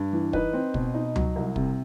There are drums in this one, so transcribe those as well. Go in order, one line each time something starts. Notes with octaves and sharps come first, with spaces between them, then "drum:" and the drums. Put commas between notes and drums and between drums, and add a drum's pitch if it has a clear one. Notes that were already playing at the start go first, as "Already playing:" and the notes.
Already playing: G2
E3
D#4 B4, drum: kick
C4
B2, drum: kick
D#4
F#3, drum: tom C#2
C2
C3, drum: kick